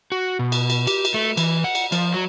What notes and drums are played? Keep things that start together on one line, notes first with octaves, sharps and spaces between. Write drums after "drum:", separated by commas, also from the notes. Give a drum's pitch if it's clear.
F#4
B2
drum: cymbal
drum: cymbal
G4, drum: cymbal
drum: cymbal
A3
E3, drum: cymbal
F#5
drum: cymbal
F3, drum: cymbal
F#3